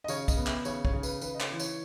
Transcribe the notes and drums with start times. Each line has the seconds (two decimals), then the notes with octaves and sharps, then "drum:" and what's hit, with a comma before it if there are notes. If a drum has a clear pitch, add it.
0.04 D#5
0.08 C#3 C#5, drum: tambourine
0.28 D#5, drum: kick, tambourine
0.37 B3
0.47 E5, drum: clap
0.65 C#3 C#5, drum: tambourine
0.85 C#5, drum: kick
0.93 C#3
1.03 B4, drum: tambourine
1.21 C#3 B4, drum: tambourine
1.35 D#5
1.40 C#5, drum: clap
1.50 E3
1.60 C#5, drum: tambourine